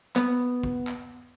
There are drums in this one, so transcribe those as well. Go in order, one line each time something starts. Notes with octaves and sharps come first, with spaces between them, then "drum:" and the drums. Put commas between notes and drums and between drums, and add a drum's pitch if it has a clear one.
B3, drum: clap
drum: kick
drum: clap